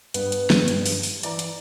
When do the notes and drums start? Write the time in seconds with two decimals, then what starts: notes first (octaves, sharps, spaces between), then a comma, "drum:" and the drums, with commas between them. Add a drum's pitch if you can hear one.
0.14 G2 B3, drum: hi-hat
0.32 drum: hi-hat
0.50 drum: snare
0.68 drum: hi-hat
0.86 drum: open hi-hat
1.03 drum: open hi-hat
1.23 E3 D5 A#5, drum: hi-hat
1.39 drum: hi-hat